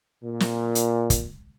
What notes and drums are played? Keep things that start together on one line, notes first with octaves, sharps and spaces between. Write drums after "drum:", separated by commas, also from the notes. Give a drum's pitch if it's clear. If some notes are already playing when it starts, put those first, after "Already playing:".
A#2
drum: snare
drum: hi-hat
drum: kick, hi-hat